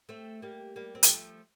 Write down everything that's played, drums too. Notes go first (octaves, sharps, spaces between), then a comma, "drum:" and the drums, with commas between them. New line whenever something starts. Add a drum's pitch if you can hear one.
A3 C4
G3 A#3
G3 A#3
C4
A#3, drum: hi-hat
F3 A3